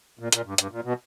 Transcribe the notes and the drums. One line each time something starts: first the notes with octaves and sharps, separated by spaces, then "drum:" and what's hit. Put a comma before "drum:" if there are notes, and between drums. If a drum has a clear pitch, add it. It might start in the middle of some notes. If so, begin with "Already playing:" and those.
A#2
A#2, drum: hi-hat
G2
G2, drum: hi-hat
A#2
B2